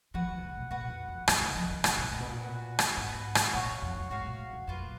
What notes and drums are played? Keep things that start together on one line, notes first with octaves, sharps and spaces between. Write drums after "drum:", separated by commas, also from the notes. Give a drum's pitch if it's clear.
F3 F#4 B4 F#5
D#3
B2
C#3
B2
A#2 F#4 B4 F#5
F2
F2
F#2 D#4 A#4 D#5 F#5, drum: rim click
C#3
F3
D#3
C#3 D#4 A#4 D#5 F#5, drum: rim click
B2
A#2
B2
A#2
B3 F#4 B4
drum: rim click
G#2 B3 F#4 B4
drum: rim click
A#2 F#4 C#5 F5
F2
F#2
G#2 F#4 C#5 F5
A#2
G#2
F2
F#2 A#3 F4 B4
A#2